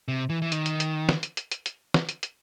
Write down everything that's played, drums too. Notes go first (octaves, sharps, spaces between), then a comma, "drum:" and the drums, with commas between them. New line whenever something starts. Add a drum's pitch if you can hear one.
C3
E3
E3
D#3, drum: hi-hat
drum: hi-hat
drum: hi-hat
drum: snare
drum: hi-hat
drum: hi-hat
drum: hi-hat
drum: hi-hat
drum: snare
drum: hi-hat
drum: hi-hat